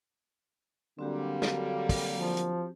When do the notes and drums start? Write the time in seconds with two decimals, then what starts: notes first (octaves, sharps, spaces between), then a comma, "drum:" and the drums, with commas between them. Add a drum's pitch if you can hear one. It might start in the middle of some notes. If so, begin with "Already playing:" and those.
0.99 D3 F#3 G3 A#3 C4 F#4 G4
1.42 drum: snare
1.89 drum: kick, open hi-hat
2.13 F3
2.37 drum: hi-hat